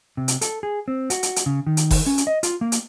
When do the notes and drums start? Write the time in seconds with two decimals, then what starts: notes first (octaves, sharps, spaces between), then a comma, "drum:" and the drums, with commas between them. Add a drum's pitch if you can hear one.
0.17 C3
0.28 drum: hi-hat
0.41 A4, drum: hi-hat
0.63 G#4
0.88 C4
1.10 F#4, drum: hi-hat
1.23 drum: hi-hat
1.36 drum: hi-hat
1.46 C#3
1.67 D#3
1.77 drum: hi-hat
1.91 drum: kick F#1, open hi-hat
2.06 C#4
2.18 drum: hi-hat
2.27 D#5
2.43 F4, drum: hi-hat
2.61 A#3
2.72 drum: hi-hat